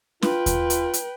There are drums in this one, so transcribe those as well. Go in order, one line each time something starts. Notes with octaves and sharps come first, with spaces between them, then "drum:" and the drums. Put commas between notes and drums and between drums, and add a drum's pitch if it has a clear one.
F4 B4 G5, drum: snare
drum: kick D#2, hi-hat
drum: hi-hat
drum: hi-hat